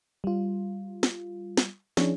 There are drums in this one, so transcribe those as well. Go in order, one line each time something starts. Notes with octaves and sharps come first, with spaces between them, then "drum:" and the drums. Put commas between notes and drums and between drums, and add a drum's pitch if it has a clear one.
G3 F4
drum: snare
drum: snare
F3 C#4 D4 E4 G#4 C#5, drum: snare